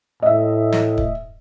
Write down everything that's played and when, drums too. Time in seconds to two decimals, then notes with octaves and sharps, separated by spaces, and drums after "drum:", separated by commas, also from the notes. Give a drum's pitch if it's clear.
0.22 A2 D#5 E5
0.72 drum: snare
0.97 drum: kick